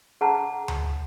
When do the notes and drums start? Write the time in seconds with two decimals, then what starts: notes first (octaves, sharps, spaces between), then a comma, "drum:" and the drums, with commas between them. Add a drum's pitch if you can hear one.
0.21 G#4 F#5 A5 A#5
0.68 drum: tom D2